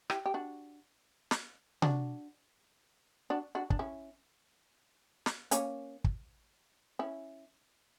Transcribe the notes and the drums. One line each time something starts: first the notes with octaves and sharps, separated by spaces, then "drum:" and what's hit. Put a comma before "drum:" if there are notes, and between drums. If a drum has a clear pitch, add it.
E4 G4, drum: rim click
G4
D4 F#4
drum: snare
D4 F#4, drum: tom C3
D4 F#4
D4 F#4
D4, drum: kick
C#4 E4
drum: snare
A#3 C#4, drum: hi-hat
drum: kick
C#4 E4